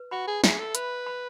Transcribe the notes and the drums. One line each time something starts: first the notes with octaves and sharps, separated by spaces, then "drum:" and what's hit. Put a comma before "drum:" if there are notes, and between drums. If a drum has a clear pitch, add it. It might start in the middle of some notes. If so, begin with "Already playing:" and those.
Already playing: B4
F#4 B5
G#4
G#4 E5, drum: snare
A4
B4 B5, drum: hi-hat
B5